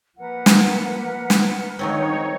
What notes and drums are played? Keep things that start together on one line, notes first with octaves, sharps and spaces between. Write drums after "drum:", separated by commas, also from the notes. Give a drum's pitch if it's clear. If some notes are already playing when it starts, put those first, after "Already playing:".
F3 A#3 A#4 B4 F#5
drum: snare
drum: snare
D#3 F3 G3 G#3 C4 D#4 C#5